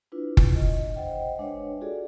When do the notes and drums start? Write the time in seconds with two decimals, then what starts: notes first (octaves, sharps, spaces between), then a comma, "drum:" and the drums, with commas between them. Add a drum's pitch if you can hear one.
0.12 D4 E4 F4 B4
0.37 drum: kick F#1
0.55 D#5
0.96 C5 D#5 E5 F#5 G5
1.38 G#3 D4 B4 C#5 E5
1.81 F4 F#4 G#4 A4 D5